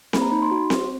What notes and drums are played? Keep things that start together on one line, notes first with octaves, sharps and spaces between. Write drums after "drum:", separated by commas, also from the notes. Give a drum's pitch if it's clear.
A#3 B5, drum: snare C4
A#5
D#4 B5
C6
F#4
C4, drum: snare C4